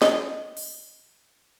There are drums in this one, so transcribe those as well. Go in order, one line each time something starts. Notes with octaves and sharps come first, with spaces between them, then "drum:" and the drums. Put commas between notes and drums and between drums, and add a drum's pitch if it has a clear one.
D#5, drum: snare
drum: open hi-hat